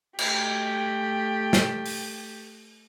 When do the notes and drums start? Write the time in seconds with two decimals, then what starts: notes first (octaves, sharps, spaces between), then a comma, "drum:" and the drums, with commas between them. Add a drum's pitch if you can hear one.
0.19 A3 G4, drum: cymbal
1.53 drum: snare
1.86 drum: open hi-hat